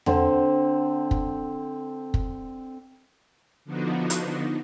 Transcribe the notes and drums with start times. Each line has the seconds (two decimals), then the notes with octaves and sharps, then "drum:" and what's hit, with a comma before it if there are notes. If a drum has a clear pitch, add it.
0.06 D3 C4, drum: tom E2
1.11 drum: kick
2.14 drum: kick
3.65 D3 F3 B3 D4 D#4 F#4
4.10 drum: hi-hat